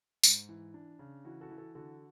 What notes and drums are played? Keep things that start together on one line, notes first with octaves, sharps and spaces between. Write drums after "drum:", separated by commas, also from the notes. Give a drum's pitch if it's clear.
G#2, drum: tambourine
E3
D4
C#3
E3 F#4
F#4 A4
E3
F#4 A4
D3 F#4 A4